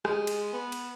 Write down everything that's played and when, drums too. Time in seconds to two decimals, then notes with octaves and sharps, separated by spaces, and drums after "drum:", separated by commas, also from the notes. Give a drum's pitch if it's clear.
0.05 G#3, drum: rim click
0.27 drum: cymbal
0.53 B3
0.72 drum: cymbal